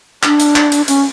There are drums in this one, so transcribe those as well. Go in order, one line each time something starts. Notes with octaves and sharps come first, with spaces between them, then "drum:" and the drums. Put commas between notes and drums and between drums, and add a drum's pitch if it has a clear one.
D4, drum: clap
drum: hi-hat
drum: clap
drum: hi-hat
C#4, drum: hi-hat